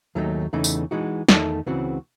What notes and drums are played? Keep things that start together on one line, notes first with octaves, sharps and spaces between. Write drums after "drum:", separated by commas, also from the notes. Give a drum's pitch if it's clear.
D#2 D#3 F#3 A3 D#4
E2 C#3 E3 A3 D#4
drum: tambourine
E3 G#3 D#4 F#4
E2 D#3 A3 D#4 A4, drum: snare
C#2 C#3 E3 C4 F#4